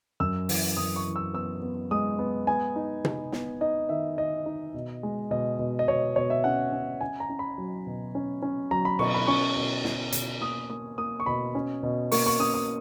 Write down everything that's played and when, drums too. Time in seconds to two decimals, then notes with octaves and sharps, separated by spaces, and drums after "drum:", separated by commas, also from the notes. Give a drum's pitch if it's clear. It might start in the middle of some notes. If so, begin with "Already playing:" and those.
0.20 F#2 E6
0.49 E3, drum: open hi-hat
0.77 F#2 D#6
0.96 C#6
1.06 E3
1.16 E6
1.33 B3 E6
1.62 B3
1.91 G#3 D#6
2.19 B3
2.47 B3 G#5
2.76 D#4
3.05 D#4, drum: tom
3.32 B3, drum: snare
3.61 D#4 D#5
3.89 D#3 E5
4.17 D#3 D#5
4.46 D#4
4.74 B2
5.03 G#3
5.31 B2 D#5
5.59 B2
5.79 D#5
5.88 B2 C#5
6.16 B2 C#5
6.30 E5
6.44 C#4 F#5
6.73 C#4
7.01 C#4 G#5
7.20 A#5
7.29 C#4
7.39 B5
7.58 F#3
7.87 B2
8.15 C#4
8.42 C#4
8.71 F#3 A#5
8.85 B5
8.99 B2 C#6, drum: cymbal
9.14 B5
9.27 C#4 C#6
9.56 B2
9.85 B2, drum: snare
10.12 B2, drum: hi-hat
10.41 A#3 D#6
10.70 A#3 D#6
10.98 A#3 D#6
11.20 C#6
11.26 B2 B5
11.55 C#4
11.83 B2
12.12 A#3 C#6, drum: open hi-hat
12.26 C#6
12.39 C#4 D#6
12.54 D#6